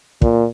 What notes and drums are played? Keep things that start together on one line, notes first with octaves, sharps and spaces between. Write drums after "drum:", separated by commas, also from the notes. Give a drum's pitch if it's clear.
A#2, drum: kick